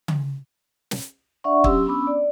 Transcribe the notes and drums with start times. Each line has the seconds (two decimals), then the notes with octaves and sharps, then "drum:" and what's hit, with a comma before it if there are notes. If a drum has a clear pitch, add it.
0.08 drum: tom C#3
0.91 drum: snare
1.44 D4 D5 E5 F#5 C#6
1.64 F#3 C#4 G4 C6 E6, drum: kick
1.86 B3 C#4 D4 B5 D6 E6
2.07 D5